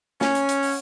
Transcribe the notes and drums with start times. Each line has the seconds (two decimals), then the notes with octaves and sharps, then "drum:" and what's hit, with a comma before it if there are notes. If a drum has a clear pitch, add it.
0.21 C#4, drum: snare
0.35 drum: hi-hat
0.49 drum: hi-hat
0.63 drum: open hi-hat